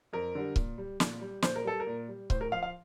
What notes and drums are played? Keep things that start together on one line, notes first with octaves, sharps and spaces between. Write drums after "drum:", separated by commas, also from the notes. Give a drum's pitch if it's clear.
F2 A#4
D3 G3
A#2, drum: kick C#1
G3
A#2, drum: snare
G3
A#2 C5, drum: snare
A#4
G3 A4
A#4
A#2
G3
A2 C5, drum: kick C#1
A#4
F3 F5
F5